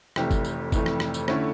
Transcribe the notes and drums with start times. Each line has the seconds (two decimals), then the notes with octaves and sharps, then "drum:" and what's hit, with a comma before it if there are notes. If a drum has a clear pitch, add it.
0.16 F1 F2 E3 A3 G4, drum: rim click
0.31 drum: kick, tambourine
0.45 drum: tambourine
0.72 F1 F2 E3 A3, drum: kick, tambourine
0.86 drum: rim click
1.00 drum: rim click
1.14 drum: tambourine
1.28 D3 A3 C#4 E4, drum: rim click